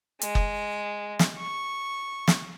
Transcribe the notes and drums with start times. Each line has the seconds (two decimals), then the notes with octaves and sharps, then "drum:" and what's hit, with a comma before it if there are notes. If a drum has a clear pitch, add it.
0.21 G#3, drum: hi-hat
0.35 drum: kick F#1
1.19 drum: snare
1.37 C#6
2.28 drum: snare